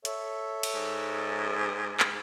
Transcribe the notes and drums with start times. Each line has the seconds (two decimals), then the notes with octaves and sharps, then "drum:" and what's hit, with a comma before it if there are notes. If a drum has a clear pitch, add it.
0.05 A4 C#5 E5, drum: hi-hat
0.63 drum: cymbal
0.75 G#2
2.00 drum: clap